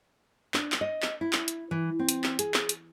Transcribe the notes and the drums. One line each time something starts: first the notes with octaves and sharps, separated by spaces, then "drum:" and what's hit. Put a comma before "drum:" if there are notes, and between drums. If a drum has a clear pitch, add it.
D4, drum: clap
drum: clap
D#5
drum: clap
E4
drum: clap
drum: hi-hat
E3
C4
drum: hi-hat
drum: clap
G#4, drum: hi-hat
drum: clap
drum: hi-hat